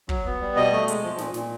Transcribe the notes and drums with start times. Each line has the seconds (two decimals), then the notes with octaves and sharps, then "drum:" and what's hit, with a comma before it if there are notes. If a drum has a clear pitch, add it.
0.09 F#3, drum: kick
0.26 B3
0.41 G3
0.56 B2 D#5
0.72 A3
0.88 G#3, drum: hi-hat
1.04 F3
1.18 A#2, drum: snare
1.34 A#2, drum: snare